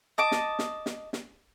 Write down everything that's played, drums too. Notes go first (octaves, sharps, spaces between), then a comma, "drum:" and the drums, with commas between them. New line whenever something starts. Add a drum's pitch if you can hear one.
D#5 A5 D6
drum: snare
drum: snare
drum: snare
drum: snare